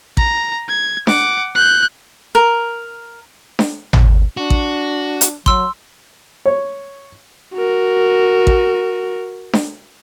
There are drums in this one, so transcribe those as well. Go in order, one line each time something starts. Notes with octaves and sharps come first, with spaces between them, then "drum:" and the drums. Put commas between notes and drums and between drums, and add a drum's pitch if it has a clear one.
A#5, drum: kick A1
G#6
F#5 D6, drum: snare D4
F#6 G6
A#4
drum: snare D4
drum: tom G#1
D4 F#4
drum: kick A1
drum: hi-hat
F#3 C6 E6, drum: kick A1
C#5
F#4 A#4
drum: kick A1
drum: snare D4